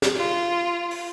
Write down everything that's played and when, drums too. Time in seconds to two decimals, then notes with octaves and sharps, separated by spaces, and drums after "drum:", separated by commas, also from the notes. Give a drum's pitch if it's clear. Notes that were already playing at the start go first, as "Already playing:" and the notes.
0.02 drum: snare
0.16 F4
0.91 drum: open hi-hat